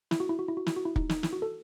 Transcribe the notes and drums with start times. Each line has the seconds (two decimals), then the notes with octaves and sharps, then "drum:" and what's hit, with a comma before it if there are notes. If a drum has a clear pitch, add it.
0.11 E4, drum: snare
0.20 F#4
0.29 E4
0.39 F#4
0.48 E4
0.57 F#4
0.66 E4, drum: snare
0.76 F#4
0.85 E4
0.96 D#4, drum: kick
1.10 D#4, drum: snare
1.23 E4, drum: snare
1.33 F#4
1.42 A4